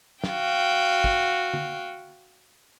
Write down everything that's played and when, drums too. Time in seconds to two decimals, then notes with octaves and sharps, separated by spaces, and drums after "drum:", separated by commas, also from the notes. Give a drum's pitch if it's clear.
0.24 F#4 F5 G5, drum: snare
1.04 drum: kick
1.54 drum: tom